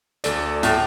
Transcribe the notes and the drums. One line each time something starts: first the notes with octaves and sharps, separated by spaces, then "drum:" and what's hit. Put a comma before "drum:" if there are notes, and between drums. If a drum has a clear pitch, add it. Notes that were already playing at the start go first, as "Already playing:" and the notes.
D2 A4 D5, drum: hi-hat
A2, drum: hi-hat